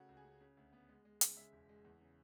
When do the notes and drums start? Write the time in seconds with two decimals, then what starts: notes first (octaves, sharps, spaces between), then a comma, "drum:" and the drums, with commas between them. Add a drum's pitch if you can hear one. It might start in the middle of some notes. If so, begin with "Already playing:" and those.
Already playing: C#3 A3 F#4
0.09 C#2
0.17 G#4
0.24 C#3
0.41 C#3
0.57 D2
0.73 B3
0.89 G#3
1.05 G#3
1.21 C#3, drum: hi-hat
1.37 G#3 E5
1.52 E1
1.69 G#3
1.85 E2
2.01 C#3